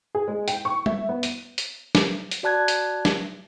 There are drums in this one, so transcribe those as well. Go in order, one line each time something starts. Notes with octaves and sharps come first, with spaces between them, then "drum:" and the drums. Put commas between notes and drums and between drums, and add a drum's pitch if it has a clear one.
G#4
G#3
G5, drum: hi-hat
C#6
E5, drum: tom G3
B3
D#7, drum: hi-hat
drum: hi-hat
drum: snare
drum: hi-hat
F#4 D5 A5 F#6 G#6
drum: hi-hat
drum: snare